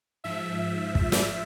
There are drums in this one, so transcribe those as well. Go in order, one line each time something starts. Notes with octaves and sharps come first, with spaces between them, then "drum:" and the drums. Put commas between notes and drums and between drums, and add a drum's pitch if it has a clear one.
G#2 F3 E5
E5, drum: kick
drum: snare